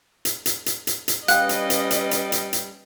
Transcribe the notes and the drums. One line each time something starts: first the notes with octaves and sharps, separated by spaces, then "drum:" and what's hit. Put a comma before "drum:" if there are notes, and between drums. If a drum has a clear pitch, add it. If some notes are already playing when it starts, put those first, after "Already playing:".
drum: hi-hat
drum: hi-hat
drum: hi-hat
drum: hi-hat
drum: hi-hat
G3 C#4 B4 D#5 F5 G5 F#6, drum: hi-hat
drum: hi-hat
drum: hi-hat
drum: hi-hat
drum: hi-hat
drum: hi-hat
drum: hi-hat